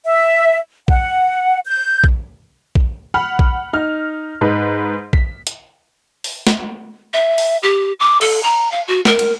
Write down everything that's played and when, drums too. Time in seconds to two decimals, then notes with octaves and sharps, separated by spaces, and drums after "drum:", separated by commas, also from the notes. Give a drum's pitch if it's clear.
0.05 E5
0.88 F#5, drum: kick A#1
1.66 G6
2.04 drum: kick A#1
2.75 drum: kick A#1
3.14 F#5 B5 F6
3.39 drum: kick A#1
3.73 D#4 F6
4.41 G#2 D#4 B4
5.13 B6, drum: kick A#1
5.47 drum: hi-hat
6.24 drum: open hi-hat
6.47 drum: snare
7.13 E5
7.38 drum: open hi-hat
7.63 G4
8.00 D6
8.21 A4, drum: cymbal
8.43 A#5
8.71 F5
8.88 F#4
9.05 A#4, drum: snare
9.19 drum: cymbal